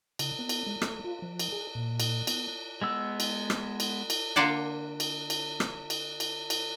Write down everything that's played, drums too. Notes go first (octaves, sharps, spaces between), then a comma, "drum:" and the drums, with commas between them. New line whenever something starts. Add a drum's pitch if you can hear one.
C#3, drum: cymbal
B3
drum: cymbal
G#3
A3, drum: rim click
F4
F3
drum: cymbal
G#4
A#2
drum: cymbal
B3, drum: cymbal
G#3 B3 E6
drum: cymbal
drum: rim click
drum: cymbal
drum: cymbal
D3 A#3 F4 D5 F#5 A5
drum: cymbal
drum: cymbal
drum: rim click
drum: cymbal
drum: cymbal
drum: cymbal